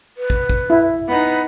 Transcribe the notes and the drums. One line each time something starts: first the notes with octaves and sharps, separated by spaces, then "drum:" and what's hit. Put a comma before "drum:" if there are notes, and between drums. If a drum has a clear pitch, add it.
B4
drum: kick
drum: kick
E4
B3 D#4 B4